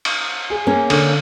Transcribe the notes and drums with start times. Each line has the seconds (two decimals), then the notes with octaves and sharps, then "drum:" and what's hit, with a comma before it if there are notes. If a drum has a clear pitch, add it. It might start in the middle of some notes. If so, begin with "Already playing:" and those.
0.05 drum: cymbal
0.50 G#4
0.67 A#3 C#4
0.90 D3, drum: cymbal